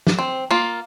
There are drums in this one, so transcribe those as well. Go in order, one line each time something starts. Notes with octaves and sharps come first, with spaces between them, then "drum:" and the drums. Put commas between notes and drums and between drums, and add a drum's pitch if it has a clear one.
drum: snare
C4
A#3 F4